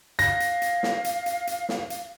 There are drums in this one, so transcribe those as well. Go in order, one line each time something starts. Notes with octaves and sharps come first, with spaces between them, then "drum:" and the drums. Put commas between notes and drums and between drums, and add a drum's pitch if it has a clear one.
F5 A#6, drum: hi-hat
drum: hi-hat
drum: hi-hat
drum: snare
drum: hi-hat
drum: hi-hat
drum: hi-hat
drum: snare
drum: hi-hat